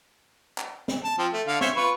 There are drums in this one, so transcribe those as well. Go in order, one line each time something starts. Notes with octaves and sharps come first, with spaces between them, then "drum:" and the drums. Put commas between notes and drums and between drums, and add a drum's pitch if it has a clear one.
drum: clap
drum: snare
A5
F3 C4
A3
D3 F5
C5 C#5 E5, drum: snare
F4 B4 C#6